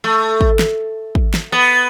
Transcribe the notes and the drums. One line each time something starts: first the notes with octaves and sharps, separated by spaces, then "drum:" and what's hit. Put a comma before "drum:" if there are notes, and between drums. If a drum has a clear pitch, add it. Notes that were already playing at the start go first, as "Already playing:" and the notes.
A3
drum: kick
drum: snare
drum: kick
drum: snare
B3